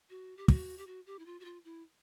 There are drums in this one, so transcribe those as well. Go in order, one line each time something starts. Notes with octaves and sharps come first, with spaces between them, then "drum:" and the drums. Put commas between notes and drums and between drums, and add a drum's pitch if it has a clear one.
F#4
G4
F#4, drum: kick
G4
F#4
G4
E4
F4
F#4
F4
E4